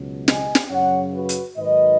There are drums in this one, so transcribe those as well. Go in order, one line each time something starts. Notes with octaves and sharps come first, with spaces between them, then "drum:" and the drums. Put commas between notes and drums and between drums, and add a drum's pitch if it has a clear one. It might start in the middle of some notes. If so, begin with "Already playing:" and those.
Already playing: C#2 B2 F#3
D#5 G#5, drum: snare
drum: snare
F#2 C#3 F#3 C#5 F#5
F#4 B4
drum: hi-hat
G#2 D#3 F#3 B4 D#5